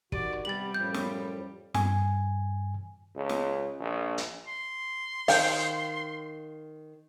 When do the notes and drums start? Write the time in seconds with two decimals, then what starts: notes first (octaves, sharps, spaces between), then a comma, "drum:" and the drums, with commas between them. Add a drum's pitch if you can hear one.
0.12 D#3 F#4 G4 D5, drum: kick
0.45 C3 G3 B3 A6 F#7
0.74 F#2 A2 F3 G6
0.94 drum: snare
1.74 G2 G#5, drum: snare
3.16 C#2
3.29 drum: snare
3.80 A#1
4.18 drum: hi-hat
4.47 C6
5.28 D#3 C5 F5 G5, drum: open hi-hat